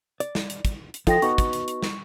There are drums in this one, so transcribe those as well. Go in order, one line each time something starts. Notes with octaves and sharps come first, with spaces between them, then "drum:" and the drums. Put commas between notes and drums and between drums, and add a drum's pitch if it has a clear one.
D5, drum: hi-hat
drum: snare
drum: hi-hat
drum: kick, hi-hat
drum: hi-hat
F3 D#4 F4 A4 G5 A#6, drum: kick, hi-hat
B3 D#4 F#4 C#6, drum: hi-hat
drum: kick, hi-hat
drum: hi-hat
drum: hi-hat
drum: snare